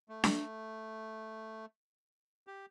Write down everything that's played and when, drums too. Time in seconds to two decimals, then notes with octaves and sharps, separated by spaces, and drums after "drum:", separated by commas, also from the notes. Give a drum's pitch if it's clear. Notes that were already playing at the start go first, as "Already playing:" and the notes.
0.09 A3
0.24 drum: snare D4
2.47 G4